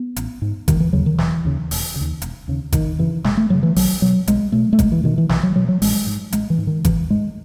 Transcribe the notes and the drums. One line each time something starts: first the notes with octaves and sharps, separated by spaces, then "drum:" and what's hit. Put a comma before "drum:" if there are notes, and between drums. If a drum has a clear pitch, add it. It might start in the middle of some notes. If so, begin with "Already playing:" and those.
Already playing: B3
A1, drum: hi-hat
G#2
E1 D#3, drum: kick G#1, hi-hat
E3
D#2 C#3 F#3
D#3
E1 E3, drum: snare
D#2 C#3
E1, drum: open hi-hat
C#3
D#2
E1, drum: hi-hat
D#2 C#3
F#1 D#3, drum: kick G#1, hi-hat
F#2 C#3 E3
F#1 G#3, drum: snare
A3
F#2 C#3 F#3
E3
B1 F#3, drum: open hi-hat
B2 F#3
B1 G#3, drum: hi-hat
B2 A3
A3
B1 G#3, drum: kick G#1, hi-hat
E3
B2 D#3
E3
B1 E3, drum: snare
F#3
B2 F#3
F#3
A1 G#3, drum: open hi-hat
G#2
A1 G#3, drum: hi-hat
E3
G#2
D#3
A1 E3, drum: kick G#1, hi-hat
G#2 G#3